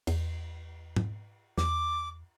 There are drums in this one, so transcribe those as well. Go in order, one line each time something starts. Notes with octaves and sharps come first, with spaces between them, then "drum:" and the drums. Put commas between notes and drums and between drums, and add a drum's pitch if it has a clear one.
E2, drum: cymbal
drum: tom G#2
E2 D6, drum: snare